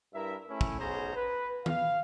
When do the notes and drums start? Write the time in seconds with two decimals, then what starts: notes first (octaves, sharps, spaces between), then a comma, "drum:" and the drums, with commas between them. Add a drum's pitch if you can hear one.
0.14 G2 E4 A#4 E5
0.49 A3 C#4 E4
0.61 drum: kick
0.80 B1 B3 C#4 G#4 C5 A#5
1.15 B4
1.66 F5, drum: tom D#3